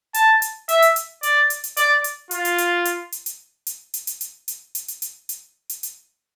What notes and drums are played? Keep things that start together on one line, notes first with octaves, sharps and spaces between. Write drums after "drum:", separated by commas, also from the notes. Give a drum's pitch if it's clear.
A5, drum: hi-hat
drum: hi-hat
E5, drum: hi-hat
drum: hi-hat
drum: hi-hat
D5, drum: hi-hat
drum: hi-hat
drum: hi-hat
D5, drum: hi-hat
drum: hi-hat
F4, drum: hi-hat
drum: hi-hat
drum: hi-hat
drum: hi-hat
drum: hi-hat
drum: hi-hat
drum: hi-hat
drum: hi-hat
drum: hi-hat
drum: hi-hat
drum: hi-hat
drum: hi-hat
drum: hi-hat
drum: hi-hat
drum: hi-hat
drum: hi-hat
drum: hi-hat